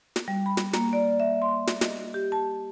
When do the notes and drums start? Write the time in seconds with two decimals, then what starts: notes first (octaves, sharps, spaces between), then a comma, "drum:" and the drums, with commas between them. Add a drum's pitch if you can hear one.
0.16 drum: snare
0.28 G3
0.46 B5
0.57 drum: snare
0.73 A#3, drum: snare
0.93 D5
1.20 E5
1.42 C6
1.67 drum: snare
1.81 D#5, drum: snare
2.14 G4
2.32 A5